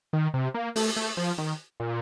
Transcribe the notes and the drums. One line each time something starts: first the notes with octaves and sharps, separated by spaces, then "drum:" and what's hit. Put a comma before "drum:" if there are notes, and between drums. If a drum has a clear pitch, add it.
D#3
C3
A#3
A3, drum: open hi-hat
A3
F3
D#3
A#2